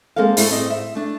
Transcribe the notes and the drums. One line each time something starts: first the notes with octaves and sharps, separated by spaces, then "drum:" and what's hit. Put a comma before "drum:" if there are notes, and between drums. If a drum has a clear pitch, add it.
G#3 A#3 C4 A4 F5
A3 D4 E4, drum: open hi-hat
A2 C4 D#5
E5
A3 D4